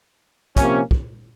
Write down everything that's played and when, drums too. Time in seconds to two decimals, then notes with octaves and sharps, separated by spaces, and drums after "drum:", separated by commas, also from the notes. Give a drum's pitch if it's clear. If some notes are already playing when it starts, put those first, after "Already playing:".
0.56 C3 F3 A#3 C#4, drum: kick, hi-hat
0.91 drum: kick